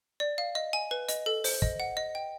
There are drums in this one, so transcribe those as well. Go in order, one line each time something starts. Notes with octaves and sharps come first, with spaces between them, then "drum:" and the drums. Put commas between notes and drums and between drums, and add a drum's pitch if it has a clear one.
D5
F5
D#5
G#5
B4
D#5, drum: hi-hat
A4
C5, drum: open hi-hat
D#5, drum: kick
F#5
D#5
G5